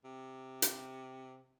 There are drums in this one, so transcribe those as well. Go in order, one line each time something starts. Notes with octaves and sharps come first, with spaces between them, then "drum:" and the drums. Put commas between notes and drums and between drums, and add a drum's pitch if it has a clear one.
C3
drum: hi-hat